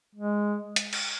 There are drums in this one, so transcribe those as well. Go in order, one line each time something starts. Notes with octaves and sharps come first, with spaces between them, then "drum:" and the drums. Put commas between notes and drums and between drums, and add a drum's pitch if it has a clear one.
G#3
drum: hi-hat
drum: cymbal